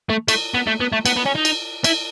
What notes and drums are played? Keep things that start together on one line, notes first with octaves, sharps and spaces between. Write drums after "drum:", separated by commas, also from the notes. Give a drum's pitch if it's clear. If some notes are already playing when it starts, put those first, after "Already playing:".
A3
A3, drum: cymbal
B3
A3
B3
A3
B3, drum: cymbal
B3
C#4
D#4
drum: cymbal
E4, drum: cymbal